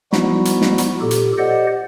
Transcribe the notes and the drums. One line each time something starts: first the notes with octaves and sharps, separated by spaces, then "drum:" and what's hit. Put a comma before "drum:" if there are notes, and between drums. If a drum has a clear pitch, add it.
F3 G3 B3 D#4 E4 F#4, drum: snare
drum: hi-hat
drum: snare
drum: hi-hat
A#2 G4 A4
drum: hi-hat
G4 C5 D5 D#5 F#5